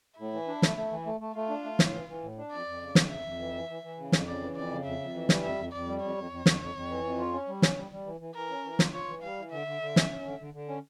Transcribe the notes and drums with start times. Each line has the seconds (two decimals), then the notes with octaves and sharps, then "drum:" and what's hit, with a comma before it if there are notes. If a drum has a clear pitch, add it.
0.18 A2 E4
0.33 E3
0.47 D4
0.62 A3, drum: snare
0.77 A3
0.91 E3
1.06 A3
1.20 A3
1.35 A3 F4
1.50 D4
1.64 A3
1.79 A2, drum: snare
1.94 E3
2.08 E3
2.23 A2
2.37 D4
2.52 F2 D5
2.66 F2
2.81 C#3
2.95 F2, drum: snare
3.10 F2 E5
3.25 F2
3.39 E3
3.54 E3
3.69 E3
3.83 E3
3.98 C#3
4.12 F2, drum: snare
4.27 C#3 D5
4.42 E3
4.56 F2 D5
4.71 C#3
4.85 F2 E5
5.00 F2
5.14 E3
5.29 G3, drum: snare
5.44 F2 E5
5.58 F2
5.73 F2 D5
5.87 G3
6.02 F2 C#5
6.17 F2
6.31 F2
6.46 F2, drum: snare
6.60 F2
6.75 F2
6.90 E3
7.04 F2
7.19 F4
7.33 C#4
7.48 G3
7.62 C#4, drum: snare
7.77 G3
7.92 G3
8.06 E3
8.21 E3
8.35 E3 A#4
8.50 C#4
8.64 E3
8.79 F4, drum: snare
8.93 F4 C#5
9.08 E3
9.22 G3 F5
9.38 E3
9.52 D3 E5
9.67 D3
9.81 D3
9.96 C#4, drum: snare
10.10 C#4
10.25 D3
10.40 D3
10.54 D3
10.69 C#4